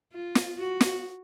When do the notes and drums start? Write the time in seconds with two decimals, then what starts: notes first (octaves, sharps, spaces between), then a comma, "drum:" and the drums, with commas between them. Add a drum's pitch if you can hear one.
0.13 F4
0.35 drum: snare
0.58 F#4
0.81 drum: snare